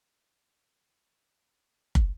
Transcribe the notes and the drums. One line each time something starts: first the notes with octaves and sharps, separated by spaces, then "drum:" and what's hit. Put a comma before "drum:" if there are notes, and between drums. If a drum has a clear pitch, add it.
C#4 C5 D5 F#5 G5
A5 C6 D6
drum: kick